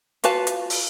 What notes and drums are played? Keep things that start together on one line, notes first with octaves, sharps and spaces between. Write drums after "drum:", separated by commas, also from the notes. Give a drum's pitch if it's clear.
F4 F#4 B4 F5 A5, drum: hi-hat
drum: hi-hat
drum: open hi-hat